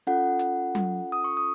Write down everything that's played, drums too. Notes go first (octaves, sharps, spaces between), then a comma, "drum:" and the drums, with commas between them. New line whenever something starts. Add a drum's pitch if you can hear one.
C#4 F4 A4 F#5
drum: hi-hat
drum: tom F#3
D#6
C#6
D#6